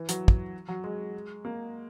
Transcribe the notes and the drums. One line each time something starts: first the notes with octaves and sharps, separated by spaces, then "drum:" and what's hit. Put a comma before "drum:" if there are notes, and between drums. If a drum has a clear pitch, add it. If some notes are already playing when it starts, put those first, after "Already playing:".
Already playing: E3
F#3, drum: hi-hat
drum: kick
F#3
G#3
A#3